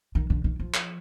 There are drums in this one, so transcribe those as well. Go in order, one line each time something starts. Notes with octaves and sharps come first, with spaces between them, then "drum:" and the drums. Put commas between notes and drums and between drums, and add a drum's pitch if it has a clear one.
D#3
D3
D#3
F3
drum: clap